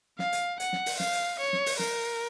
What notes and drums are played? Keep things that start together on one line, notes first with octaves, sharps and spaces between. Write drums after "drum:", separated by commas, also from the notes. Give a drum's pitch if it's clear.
F5, drum: snare
drum: hi-hat
F#5, drum: hi-hat
drum: snare
drum: open hi-hat
F5, drum: snare
drum: hi-hat
C#5
drum: snare
drum: open hi-hat
A#4, drum: snare